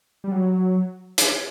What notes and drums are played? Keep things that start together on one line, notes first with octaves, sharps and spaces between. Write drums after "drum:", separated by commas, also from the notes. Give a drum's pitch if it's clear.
G3
F#3
drum: hi-hat